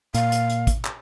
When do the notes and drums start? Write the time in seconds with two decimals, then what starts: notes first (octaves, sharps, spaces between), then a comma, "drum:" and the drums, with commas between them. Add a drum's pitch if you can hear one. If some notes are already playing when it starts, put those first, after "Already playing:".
0.14 A#2 F5, drum: hi-hat
0.32 drum: hi-hat
0.50 drum: hi-hat
0.67 drum: kick, hi-hat
0.85 drum: clap